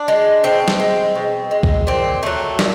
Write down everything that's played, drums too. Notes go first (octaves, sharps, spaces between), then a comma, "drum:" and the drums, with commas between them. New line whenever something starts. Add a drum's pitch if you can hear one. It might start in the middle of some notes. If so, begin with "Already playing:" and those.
Already playing: D4
G#3
B2 C4
drum: snare
G#3
B2
G#3
drum: kick B1
A#2 C4
F#3 A3
A#2, drum: snare